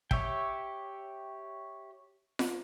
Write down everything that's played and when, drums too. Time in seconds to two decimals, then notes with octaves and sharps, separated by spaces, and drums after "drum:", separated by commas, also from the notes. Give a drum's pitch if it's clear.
0.11 G4 C#5 E5 G5, drum: kick
2.39 drum: snare F4